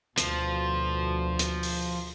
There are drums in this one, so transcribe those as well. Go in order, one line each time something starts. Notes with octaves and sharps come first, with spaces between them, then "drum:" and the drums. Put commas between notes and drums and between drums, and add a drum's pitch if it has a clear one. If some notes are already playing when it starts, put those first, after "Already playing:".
D2 B2 F3, drum: hi-hat
drum: hi-hat
drum: open hi-hat